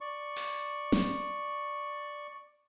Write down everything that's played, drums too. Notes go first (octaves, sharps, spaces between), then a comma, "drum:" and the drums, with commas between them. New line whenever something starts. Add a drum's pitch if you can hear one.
D5 C#6
drum: open hi-hat
drum: snare